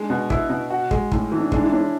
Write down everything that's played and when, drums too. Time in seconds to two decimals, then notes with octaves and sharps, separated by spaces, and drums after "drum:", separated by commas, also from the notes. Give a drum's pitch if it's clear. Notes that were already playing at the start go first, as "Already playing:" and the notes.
Already playing: G#3 D4
0.10 B2
0.30 C#4 E4, drum: kick
0.50 B2
0.70 F#4
0.91 G#3, drum: kick
1.12 A2 C#4, drum: kick
1.32 E3
1.38 D4
1.52 G#3 D4, drum: kick
1.63 E4
1.72 C#4 D4